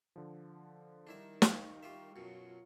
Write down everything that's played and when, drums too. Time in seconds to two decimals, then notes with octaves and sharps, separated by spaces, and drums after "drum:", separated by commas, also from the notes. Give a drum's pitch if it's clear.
0.16 D3 F3
1.07 D#3 G3 D4 E4 E5
1.42 F5 G5 C#6, drum: snare
1.83 F4 G4 E5
2.16 F#2 B2 F#3 F4